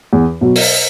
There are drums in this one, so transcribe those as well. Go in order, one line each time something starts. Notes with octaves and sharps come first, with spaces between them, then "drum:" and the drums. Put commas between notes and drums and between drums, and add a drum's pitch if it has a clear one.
E2
B2 F#3
drum: open hi-hat